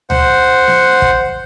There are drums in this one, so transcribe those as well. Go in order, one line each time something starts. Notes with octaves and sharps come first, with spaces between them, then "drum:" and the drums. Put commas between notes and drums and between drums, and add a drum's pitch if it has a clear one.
C5 F#5, drum: tom C#2
drum: snare B3
drum: kick